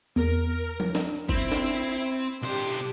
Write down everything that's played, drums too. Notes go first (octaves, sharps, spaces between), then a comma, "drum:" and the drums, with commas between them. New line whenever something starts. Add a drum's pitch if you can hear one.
E2 A#4
drum: tom F3
drum: snare
C4 E4, drum: kick
drum: snare
drum: open hi-hat
B1 D4 G4 C5